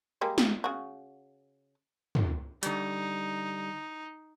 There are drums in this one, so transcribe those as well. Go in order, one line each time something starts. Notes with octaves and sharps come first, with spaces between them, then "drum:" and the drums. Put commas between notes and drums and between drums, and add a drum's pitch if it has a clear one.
G3 G#3 A#3
drum: snare
C#3 F#4
drum: tom
D3 G3 D#4, drum: hi-hat